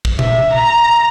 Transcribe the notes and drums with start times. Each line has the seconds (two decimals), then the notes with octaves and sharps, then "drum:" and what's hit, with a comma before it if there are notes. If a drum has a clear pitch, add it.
0.05 drum: kick
0.19 E5, drum: tom A#2
0.53 A#5